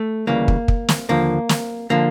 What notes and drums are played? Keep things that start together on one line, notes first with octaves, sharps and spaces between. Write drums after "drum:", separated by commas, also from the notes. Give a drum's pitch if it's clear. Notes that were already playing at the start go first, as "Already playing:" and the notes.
Already playing: A3
D2 C#3 E3 G3 A#3
drum: kick
drum: kick
drum: snare
D#2 D3 F3 A#3
drum: snare
D3 F3 A#3